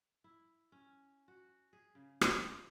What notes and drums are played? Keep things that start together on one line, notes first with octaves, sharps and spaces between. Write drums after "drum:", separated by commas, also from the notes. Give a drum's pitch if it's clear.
E4
C#4
F#4
G#4
C#3
F4, drum: rim click